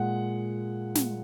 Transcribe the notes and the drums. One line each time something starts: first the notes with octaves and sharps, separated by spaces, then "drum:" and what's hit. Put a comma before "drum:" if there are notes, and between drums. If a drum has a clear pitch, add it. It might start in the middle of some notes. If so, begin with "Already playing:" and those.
Already playing: A#2 G#3 F#5
drum: snare